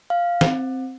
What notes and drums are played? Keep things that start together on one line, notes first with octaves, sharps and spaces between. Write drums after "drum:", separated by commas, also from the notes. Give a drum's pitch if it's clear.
F5
C4, drum: snare